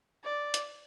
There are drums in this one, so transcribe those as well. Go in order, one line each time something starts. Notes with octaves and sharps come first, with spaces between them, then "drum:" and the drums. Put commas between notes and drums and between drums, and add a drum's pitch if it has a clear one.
D5
drum: hi-hat